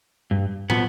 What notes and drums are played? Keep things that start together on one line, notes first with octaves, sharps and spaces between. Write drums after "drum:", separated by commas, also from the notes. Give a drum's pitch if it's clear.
G2
F3 B3, drum: tom